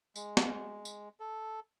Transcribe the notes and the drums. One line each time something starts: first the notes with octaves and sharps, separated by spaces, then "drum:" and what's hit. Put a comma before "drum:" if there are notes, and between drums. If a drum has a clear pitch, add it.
G#3, drum: tambourine
drum: snare
drum: tambourine
A4